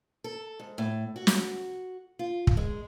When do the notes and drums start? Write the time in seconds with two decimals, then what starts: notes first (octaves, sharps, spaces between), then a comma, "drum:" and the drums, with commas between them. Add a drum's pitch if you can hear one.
0.24 A4
0.60 G#2
0.78 A2
1.16 F#4
1.27 drum: snare
2.19 F4
2.47 drum: kick
2.57 G#3